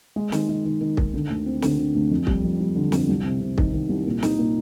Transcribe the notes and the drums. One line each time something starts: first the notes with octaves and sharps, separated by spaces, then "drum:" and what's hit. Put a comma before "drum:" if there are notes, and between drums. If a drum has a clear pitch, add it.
G#3
D#3, drum: snare
G#3
D#3
D#3
D#3, drum: kick
D3
D2
C4
D3, drum: snare
D3
D2
F2
G3, drum: kick
F2
G3
D3
F2, drum: snare
C2
C3
C3
D#3, drum: kick
D#3
C2
A#2
D#4, drum: snare
A#2